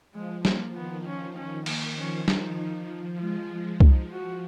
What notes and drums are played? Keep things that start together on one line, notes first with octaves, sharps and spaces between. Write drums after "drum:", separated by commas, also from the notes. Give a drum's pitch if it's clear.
F3 G#3
F3 A#3, drum: snare
D#3 B3
C#4
C#4
A#3, drum: cymbal
F3 C#4
D#4, drum: snare
G#3 F4
F3 D#4, drum: kick
F#4